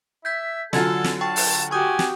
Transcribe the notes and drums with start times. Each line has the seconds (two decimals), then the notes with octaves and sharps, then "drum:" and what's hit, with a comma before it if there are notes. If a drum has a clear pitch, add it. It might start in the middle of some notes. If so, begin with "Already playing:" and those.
0.25 E5 G6 G#6 B6
0.73 D3 F#3 F4 A4 G#5 G#6 A6, drum: snare
1.04 drum: snare
1.21 G5 A5 C#6
1.36 drum: open hi-hat
1.71 F#4 G4 G#5 C#6 D#6 G6
1.99 drum: snare